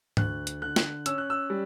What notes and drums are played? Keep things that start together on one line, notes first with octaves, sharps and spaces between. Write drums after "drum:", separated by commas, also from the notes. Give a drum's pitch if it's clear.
D2 F#6, drum: tom G#2
drum: hi-hat
D3 F#6
drum: snare
C#4 E6, drum: hi-hat
F#6
E6
G3